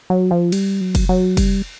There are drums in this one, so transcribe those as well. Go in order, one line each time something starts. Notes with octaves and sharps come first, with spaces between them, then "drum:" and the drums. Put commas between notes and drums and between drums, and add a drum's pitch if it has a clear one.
F#3
F3
G3, drum: cymbal
F#3
drum: kick, cymbal
F#3
G3, drum: kick, cymbal